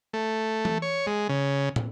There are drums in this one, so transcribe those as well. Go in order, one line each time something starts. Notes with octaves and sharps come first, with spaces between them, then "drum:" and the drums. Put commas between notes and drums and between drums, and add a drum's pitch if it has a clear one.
A3
drum: tom E3
C#5
G#3
C#3
drum: tom